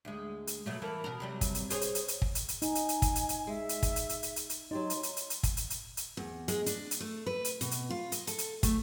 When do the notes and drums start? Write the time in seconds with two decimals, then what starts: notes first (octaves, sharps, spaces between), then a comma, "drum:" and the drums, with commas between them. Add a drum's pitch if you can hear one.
0.05 D2 G#3
0.47 drum: hi-hat
0.66 B2 F#3 A3
0.82 E3 A#3 A4
1.04 B2 A#4
1.20 C3 F#3 G3
1.41 drum: kick, hi-hat
1.55 drum: hi-hat
1.70 G#4 C5 C#5, drum: hi-hat
1.81 drum: hi-hat
1.95 drum: hi-hat
2.08 drum: hi-hat
2.22 drum: kick
2.35 drum: hi-hat
2.48 drum: hi-hat
2.62 D#4 G#5, drum: hi-hat
2.75 drum: hi-hat
2.89 drum: hi-hat
3.02 drum: kick, hi-hat
3.15 drum: hi-hat
3.29 drum: hi-hat
3.47 G#3 E5
3.69 drum: hi-hat
3.83 drum: kick, hi-hat
3.96 drum: hi-hat
4.09 drum: hi-hat
4.23 drum: hi-hat
4.36 drum: hi-hat
4.50 drum: hi-hat
4.71 F#3 D#4 G4 D5 C6
4.90 drum: hi-hat
5.03 drum: hi-hat
5.17 drum: hi-hat
5.30 drum: hi-hat
5.43 drum: kick, hi-hat
5.57 drum: hi-hat
5.70 drum: hi-hat
5.97 drum: hi-hat
6.17 E2
6.48 G#3, drum: hi-hat
6.66 D4, drum: hi-hat
6.91 drum: hi-hat
7.00 A3
7.26 B4
7.45 drum: hi-hat
7.61 B2, drum: hi-hat
7.71 drum: hi-hat
7.90 F4
8.12 D#5, drum: hi-hat
8.27 A4, drum: hi-hat
8.38 drum: hi-hat
8.63 A3, drum: kick, hi-hat